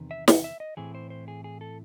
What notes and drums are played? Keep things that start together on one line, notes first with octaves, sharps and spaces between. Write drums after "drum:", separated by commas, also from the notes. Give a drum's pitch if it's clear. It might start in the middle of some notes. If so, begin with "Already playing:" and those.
Already playing: E2 C3 D#3
E5
F#5, drum: snare
E5
D#5
A2 E3 C4 E4 G#4
C5
C5
G#4
G#4
A4